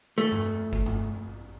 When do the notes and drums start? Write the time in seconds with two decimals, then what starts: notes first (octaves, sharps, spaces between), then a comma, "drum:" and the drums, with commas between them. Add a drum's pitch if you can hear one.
0.18 A3
0.32 drum: tom G2
0.73 drum: kick F#1
0.86 drum: tom G2